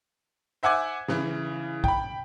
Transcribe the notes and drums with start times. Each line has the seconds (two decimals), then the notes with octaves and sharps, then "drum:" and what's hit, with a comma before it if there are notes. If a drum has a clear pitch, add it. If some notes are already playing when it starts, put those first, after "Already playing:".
0.63 C5 E5 F#5 G#5 D6 G#6
1.08 C#3 E3, drum: snare
1.84 G5 B5, drum: kick